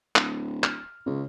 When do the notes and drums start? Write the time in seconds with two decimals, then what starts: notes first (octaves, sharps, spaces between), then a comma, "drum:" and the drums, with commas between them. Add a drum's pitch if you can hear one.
0.16 D1, drum: clap
0.64 F6, drum: clap
1.06 C#2 C#3